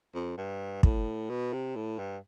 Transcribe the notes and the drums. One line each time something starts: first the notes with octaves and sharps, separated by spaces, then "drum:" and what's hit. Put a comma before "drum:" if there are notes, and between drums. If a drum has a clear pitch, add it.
F2
G2
A2, drum: kick
B2
C3
A2
G2